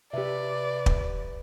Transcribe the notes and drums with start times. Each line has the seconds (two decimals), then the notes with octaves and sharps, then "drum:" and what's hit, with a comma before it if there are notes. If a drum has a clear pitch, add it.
0.14 C3 G4 B4 D5 E5
0.86 drum: kick